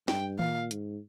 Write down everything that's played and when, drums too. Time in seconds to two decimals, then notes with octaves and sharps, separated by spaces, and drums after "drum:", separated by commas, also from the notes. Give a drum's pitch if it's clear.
0.08 G2 G5, drum: snare
0.39 A#2 F5, drum: tom D#3
0.71 G#2, drum: hi-hat